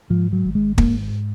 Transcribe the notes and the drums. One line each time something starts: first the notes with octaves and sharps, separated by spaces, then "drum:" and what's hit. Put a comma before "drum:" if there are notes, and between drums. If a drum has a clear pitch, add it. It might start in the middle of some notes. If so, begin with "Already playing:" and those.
G#2 F3
F#3
G#1
G#3
G#2 A#3, drum: kick